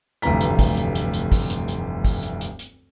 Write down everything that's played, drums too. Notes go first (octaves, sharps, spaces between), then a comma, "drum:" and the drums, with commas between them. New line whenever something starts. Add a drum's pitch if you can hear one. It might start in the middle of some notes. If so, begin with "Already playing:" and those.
F1 D2 G2 E3 A#5 B6, drum: hi-hat
drum: hi-hat
drum: kick, open hi-hat
drum: hi-hat
drum: hi-hat
drum: hi-hat
drum: kick, open hi-hat
drum: hi-hat
drum: hi-hat
drum: kick, open hi-hat
drum: hi-hat
drum: hi-hat
drum: hi-hat